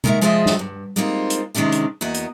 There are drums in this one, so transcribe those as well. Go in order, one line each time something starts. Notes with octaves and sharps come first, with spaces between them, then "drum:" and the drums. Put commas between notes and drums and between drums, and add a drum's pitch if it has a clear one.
D#3 G#3 A#4 D5 E5 F#5, drum: tom C3
F3 G#3 F4 G#4 D#5 E5
drum: snare
G2
G3 G#3 A#3 C4 D#4 F4
drum: hi-hat
C3 D#3 G#3 C#4 D4 G4
drum: hi-hat
E2 A#3 B3 F#4 D#5
drum: hi-hat